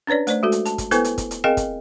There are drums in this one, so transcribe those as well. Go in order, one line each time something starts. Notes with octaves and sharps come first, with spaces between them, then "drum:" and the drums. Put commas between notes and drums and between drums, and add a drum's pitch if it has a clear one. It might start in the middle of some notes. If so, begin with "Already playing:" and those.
C#4 D4 B4 C#5 D5
A3 C5 D5, drum: hi-hat
G#3 F#4 A4
drum: hi-hat
A5, drum: hi-hat
drum: kick, hi-hat
B3 E4 A4 B4 C5 G#5, drum: hi-hat
drum: hi-hat
drum: kick, hi-hat
drum: hi-hat
C4 G#4 A#4 D#5 F5 G5
drum: kick, hi-hat